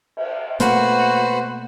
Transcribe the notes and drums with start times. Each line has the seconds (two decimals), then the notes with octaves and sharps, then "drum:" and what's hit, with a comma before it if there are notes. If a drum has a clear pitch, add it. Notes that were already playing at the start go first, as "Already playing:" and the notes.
0.17 drum: cymbal
0.60 B2 A3 A#3 F#4 B4 C5, drum: hi-hat